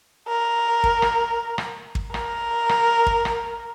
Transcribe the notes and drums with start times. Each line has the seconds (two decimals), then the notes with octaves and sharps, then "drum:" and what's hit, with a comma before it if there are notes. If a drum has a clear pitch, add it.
0.28 A#4
0.84 drum: kick
1.02 drum: rim click
1.58 drum: rim click
1.95 drum: kick
2.14 A#4, drum: rim click
2.69 drum: rim click
3.06 drum: kick
3.25 drum: rim click